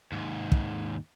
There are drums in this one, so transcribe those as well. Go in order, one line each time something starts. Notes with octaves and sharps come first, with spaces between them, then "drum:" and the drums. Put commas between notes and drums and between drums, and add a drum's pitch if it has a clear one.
D#2 G#2
drum: kick